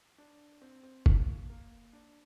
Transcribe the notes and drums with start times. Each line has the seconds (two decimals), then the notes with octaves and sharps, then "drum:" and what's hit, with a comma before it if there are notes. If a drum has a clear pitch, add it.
0.18 D4
0.62 C4
0.83 C4
1.06 A#3, drum: kick
1.50 A#3
1.93 D4